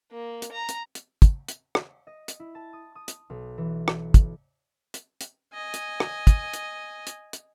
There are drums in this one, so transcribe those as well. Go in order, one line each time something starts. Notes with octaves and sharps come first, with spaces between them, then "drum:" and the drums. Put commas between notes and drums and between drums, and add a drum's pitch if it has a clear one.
A#3
drum: hi-hat
A#5
drum: hi-hat
drum: hi-hat
drum: kick, hi-hat
drum: hi-hat
drum: rim click
D#5
drum: hi-hat
E4
A5
D#6
D#6
drum: hi-hat
B1
E3
drum: rim click
drum: kick, hi-hat
drum: hi-hat
drum: hi-hat
D#5 G#5
drum: hi-hat
drum: rim click
drum: kick, hi-hat
drum: hi-hat
drum: hi-hat
drum: hi-hat